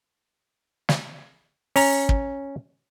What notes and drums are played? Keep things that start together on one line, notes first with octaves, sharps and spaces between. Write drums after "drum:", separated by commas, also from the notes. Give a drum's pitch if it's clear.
drum: snare
C#4 A#5, drum: open hi-hat
drum: kick